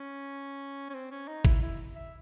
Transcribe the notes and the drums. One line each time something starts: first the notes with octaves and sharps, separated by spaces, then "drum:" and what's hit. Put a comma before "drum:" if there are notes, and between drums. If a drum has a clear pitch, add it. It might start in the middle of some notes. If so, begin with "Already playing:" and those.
Already playing: C#4
C#4
C4
C#4
D#4
E4, drum: kick
E4
E5